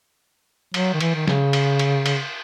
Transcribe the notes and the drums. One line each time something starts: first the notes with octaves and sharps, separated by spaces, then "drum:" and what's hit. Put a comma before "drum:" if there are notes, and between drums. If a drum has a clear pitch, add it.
F#3, drum: cymbal
D#3
E3, drum: cymbal
D#3
C#3, drum: snare
drum: cymbal
drum: cymbal
drum: cymbal